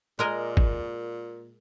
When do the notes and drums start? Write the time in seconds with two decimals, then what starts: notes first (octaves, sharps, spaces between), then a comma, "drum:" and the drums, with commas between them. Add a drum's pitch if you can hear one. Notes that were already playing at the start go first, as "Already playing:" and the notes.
0.19 A#2 G#3 A#4 D#5
0.57 drum: kick